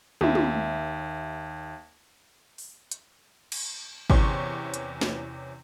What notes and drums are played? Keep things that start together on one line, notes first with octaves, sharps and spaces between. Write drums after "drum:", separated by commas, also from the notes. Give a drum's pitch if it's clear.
D#2 E5, drum: tom
drum: tom
drum: open hi-hat
drum: hi-hat
drum: cymbal
E2 C3 E3 C#4 C6 C#6, drum: kick G1
drum: hi-hat
drum: snare